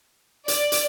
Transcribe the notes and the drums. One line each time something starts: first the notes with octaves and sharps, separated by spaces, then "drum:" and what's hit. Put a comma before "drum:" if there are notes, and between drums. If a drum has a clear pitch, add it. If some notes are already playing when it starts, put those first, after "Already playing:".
D5, drum: hi-hat
drum: hi-hat